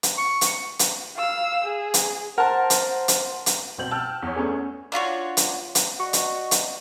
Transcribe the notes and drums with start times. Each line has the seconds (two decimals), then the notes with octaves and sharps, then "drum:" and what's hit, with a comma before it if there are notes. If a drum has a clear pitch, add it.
0.03 drum: hi-hat
0.18 C#6
0.41 drum: hi-hat
0.79 drum: hi-hat
1.17 F5 E6
1.64 G#4
1.94 drum: hi-hat
2.38 A#4 C5 F#5 A5
2.70 drum: hi-hat
3.08 drum: hi-hat
3.46 drum: hi-hat
3.78 C2 B2 C4 G6 F#7
3.91 G5 A5 E6 F6
4.22 E2 C#5
4.36 A3 B3 C#4 D4 G#4
4.53 C#4
4.92 D4 F4 F#4 C#5
5.37 drum: hi-hat
5.75 drum: hi-hat
6.00 F#4 D5 D#5 C#6
6.13 drum: hi-hat
6.51 drum: hi-hat